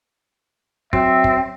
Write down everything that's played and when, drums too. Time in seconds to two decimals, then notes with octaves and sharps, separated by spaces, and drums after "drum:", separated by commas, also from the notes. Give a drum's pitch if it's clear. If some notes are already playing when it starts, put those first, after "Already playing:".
0.93 F#3 C4 E5, drum: kick
1.24 drum: kick